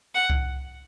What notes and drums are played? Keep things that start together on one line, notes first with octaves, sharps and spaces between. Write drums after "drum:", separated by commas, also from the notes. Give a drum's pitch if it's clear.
F#5
drum: kick C2